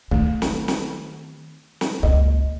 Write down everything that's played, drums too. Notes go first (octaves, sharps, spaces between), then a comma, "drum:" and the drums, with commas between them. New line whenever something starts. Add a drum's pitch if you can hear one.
D#3 A3, drum: kick
drum: snare
drum: snare
drum: snare
C#2 A#3 D#5, drum: kick